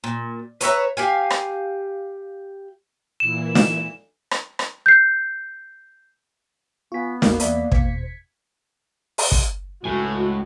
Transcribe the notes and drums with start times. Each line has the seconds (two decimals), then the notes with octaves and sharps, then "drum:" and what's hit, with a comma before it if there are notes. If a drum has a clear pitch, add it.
0.04 A#2
0.61 B4 C#5 E5 A#5, drum: hi-hat
0.97 G4 F5 G#5
1.30 drum: rim click
3.20 A#2 E3 E4 E7
3.55 drum: snare
4.31 drum: rim click
4.59 drum: rim click
4.86 G6 C7
6.92 B3 F4 G#5 C#6 B6
7.22 A1 E2 A#3 F#4 A#4 C5, drum: snare
7.40 E2 D5 E5 B6, drum: hi-hat
7.72 E2 B2 C5 G#6 B6 C#7, drum: kick
9.18 drum: open hi-hat
9.32 drum: kick
9.85 C#2 A2 G#3 F#4 G#5